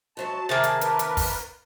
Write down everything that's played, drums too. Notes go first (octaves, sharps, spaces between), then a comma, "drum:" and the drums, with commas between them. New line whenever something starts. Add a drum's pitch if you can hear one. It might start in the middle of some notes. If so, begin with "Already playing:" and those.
G#2 F#3 C#5 A5
C3 D#3 A#3 G#4 A5
drum: hi-hat
A#4 B4, drum: hi-hat
drum: hi-hat
drum: kick, open hi-hat